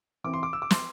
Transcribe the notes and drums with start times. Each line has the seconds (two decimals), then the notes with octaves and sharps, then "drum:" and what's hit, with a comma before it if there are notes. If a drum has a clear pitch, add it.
0.24 E3 C4 D6
0.34 C6
0.43 D6
0.53 E6
0.62 D6
0.71 C6, drum: snare